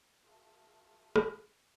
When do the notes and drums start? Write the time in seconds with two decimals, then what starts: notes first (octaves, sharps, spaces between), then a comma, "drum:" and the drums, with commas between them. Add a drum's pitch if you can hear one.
0.23 F4 F#4 G#4 A#4 E5 A5
1.16 drum: rim click